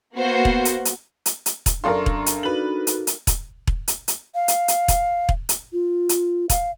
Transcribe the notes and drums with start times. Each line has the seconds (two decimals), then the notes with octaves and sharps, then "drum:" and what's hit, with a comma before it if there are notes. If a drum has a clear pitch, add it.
0.15 A#3 B3 F#4 C5
0.45 drum: kick E1
0.65 drum: hi-hat
0.85 drum: hi-hat
1.26 drum: hi-hat
1.46 drum: hi-hat
1.66 drum: kick E1, hi-hat
1.84 F#2 D4 A4 A#4 D5 F5 C6 C#6
2.06 drum: kick E1
2.26 drum: hi-hat
2.43 D#4 F#4 A4 B4 F#7
2.87 drum: hi-hat
3.07 drum: hi-hat
3.27 drum: kick E1, hi-hat
3.67 drum: kick E1
3.88 drum: hi-hat
4.08 drum: hi-hat
4.35 F5
4.48 drum: hi-hat
4.68 drum: hi-hat
4.88 drum: kick E1, hi-hat
5.29 drum: kick E1
5.49 drum: hi-hat
5.73 F4
6.09 drum: hi-hat
6.50 F5, drum: kick E1, hi-hat